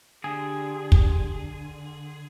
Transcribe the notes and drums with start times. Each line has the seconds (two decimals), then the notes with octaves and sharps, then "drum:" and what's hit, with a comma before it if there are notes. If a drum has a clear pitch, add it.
0.24 D3 G4 G#4
0.92 drum: kick